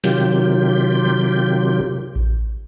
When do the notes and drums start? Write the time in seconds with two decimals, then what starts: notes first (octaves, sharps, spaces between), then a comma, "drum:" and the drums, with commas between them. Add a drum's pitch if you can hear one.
0.04 C3 D#3 F#3 F4 G4 G6, drum: snare
1.05 drum: tom E3
2.16 drum: kick A1